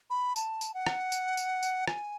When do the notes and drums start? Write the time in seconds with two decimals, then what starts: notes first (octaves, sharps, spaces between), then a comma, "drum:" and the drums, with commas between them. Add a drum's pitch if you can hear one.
0.10 B5
0.36 A5, drum: tambourine
0.61 drum: tambourine
0.74 F#5
0.87 drum: rim click
1.12 drum: tambourine
1.37 drum: tambourine
1.63 drum: tambourine
1.88 G#5, drum: rim click